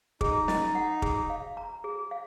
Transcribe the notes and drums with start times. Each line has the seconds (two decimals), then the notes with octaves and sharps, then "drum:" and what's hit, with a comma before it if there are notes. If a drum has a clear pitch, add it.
0.21 D#4 G#4, drum: kick
0.48 D#5, drum: snare
0.75 F#5
1.02 G#4, drum: kick
1.30 F5
1.57 A#5
1.84 G#4
2.11 F5